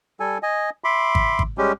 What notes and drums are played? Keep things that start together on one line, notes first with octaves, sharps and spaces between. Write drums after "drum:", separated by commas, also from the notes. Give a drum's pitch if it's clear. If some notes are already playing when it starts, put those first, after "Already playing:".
G3 A4 G#5
D#5 G#5
E5 B5 C6 D6
drum: kick G#1
drum: kick G#1
G3 G#3 C#4 G4